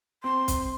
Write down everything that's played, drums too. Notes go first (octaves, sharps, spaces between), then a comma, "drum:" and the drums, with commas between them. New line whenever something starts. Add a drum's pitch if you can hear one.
C4 C6
drum: kick, hi-hat